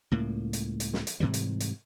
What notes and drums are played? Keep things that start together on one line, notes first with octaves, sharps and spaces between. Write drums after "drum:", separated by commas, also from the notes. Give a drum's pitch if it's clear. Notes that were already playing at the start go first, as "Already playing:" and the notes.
C#2 A2 A#3
drum: hi-hat
drum: hi-hat
drum: snare
drum: hi-hat
G#2 C3 E3 G3
drum: hi-hat
drum: hi-hat